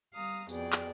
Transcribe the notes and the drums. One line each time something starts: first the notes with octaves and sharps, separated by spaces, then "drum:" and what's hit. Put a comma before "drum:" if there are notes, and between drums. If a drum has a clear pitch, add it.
G3 F5 A#5 D#6
F2 B2 G#4 D5 G5, drum: tambourine
drum: clap